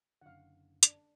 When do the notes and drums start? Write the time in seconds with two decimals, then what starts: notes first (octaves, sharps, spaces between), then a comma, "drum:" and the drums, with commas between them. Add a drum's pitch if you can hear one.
0.21 F#1 D3 F5 F#5
0.83 D4, drum: hi-hat